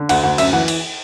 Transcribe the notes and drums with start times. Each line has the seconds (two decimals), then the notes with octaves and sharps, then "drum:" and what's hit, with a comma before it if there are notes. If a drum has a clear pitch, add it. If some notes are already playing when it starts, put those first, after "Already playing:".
Already playing: D3
0.09 D2 F#5, drum: cymbal
0.24 D2 F#5
0.38 F#2 E5, drum: cymbal
0.53 E3 F#5
0.68 drum: cymbal